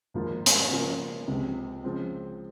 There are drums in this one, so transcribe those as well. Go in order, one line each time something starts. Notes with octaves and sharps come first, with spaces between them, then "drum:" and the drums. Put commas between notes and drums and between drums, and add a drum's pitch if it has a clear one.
G#1 G#2 F3 A#3 F4
drum: hi-hat
C#3 F3 A#3
C#2 C3 F3 C4
C#3 F3 G#3 C4